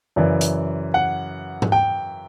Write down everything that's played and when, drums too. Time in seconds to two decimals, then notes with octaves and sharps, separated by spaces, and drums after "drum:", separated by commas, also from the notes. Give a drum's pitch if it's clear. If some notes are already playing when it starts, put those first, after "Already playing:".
0.16 F#2 C#3 E3 D5
0.41 drum: hi-hat
0.94 F#5
1.62 drum: tom G#2
1.72 G5